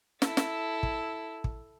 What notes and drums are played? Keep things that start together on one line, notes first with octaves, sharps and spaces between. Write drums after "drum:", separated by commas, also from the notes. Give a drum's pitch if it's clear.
E4 A4, drum: snare
drum: snare
drum: kick
drum: kick